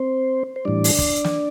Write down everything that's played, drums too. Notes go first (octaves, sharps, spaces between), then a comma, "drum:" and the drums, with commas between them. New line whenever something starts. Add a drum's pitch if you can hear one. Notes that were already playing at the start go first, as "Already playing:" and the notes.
Already playing: C4 C5
C5
A2 E3 G3 D4 D5
drum: open hi-hat
drum: kick
drum: snare